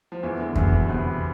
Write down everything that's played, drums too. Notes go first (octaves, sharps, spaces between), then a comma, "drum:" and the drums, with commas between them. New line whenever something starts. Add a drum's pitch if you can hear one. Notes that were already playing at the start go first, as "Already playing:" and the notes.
F3
E2 E3
D3
E2 B2, drum: kick F2
B2
C3 B3